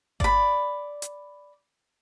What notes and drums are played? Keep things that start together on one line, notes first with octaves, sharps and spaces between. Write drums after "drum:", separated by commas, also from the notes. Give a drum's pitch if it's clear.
D5 B5, drum: kick G1
drum: hi-hat